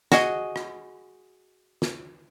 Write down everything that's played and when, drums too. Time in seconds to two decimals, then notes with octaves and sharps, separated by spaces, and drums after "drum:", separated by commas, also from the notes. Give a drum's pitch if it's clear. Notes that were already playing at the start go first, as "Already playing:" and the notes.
0.12 F#4 G#4 D#5, drum: snare
0.56 drum: rim click
1.82 drum: snare